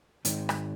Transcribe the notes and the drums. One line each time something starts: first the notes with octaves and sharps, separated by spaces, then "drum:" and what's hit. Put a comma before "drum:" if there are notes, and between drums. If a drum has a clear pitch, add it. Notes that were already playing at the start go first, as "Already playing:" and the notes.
G#2 D#3, drum: hi-hat
drum: rim click